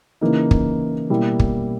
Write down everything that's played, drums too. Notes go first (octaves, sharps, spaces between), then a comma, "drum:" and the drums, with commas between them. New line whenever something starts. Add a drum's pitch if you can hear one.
C#3 E3 A#3 D#4
drum: kick
B2 G3 A#3 E4
drum: kick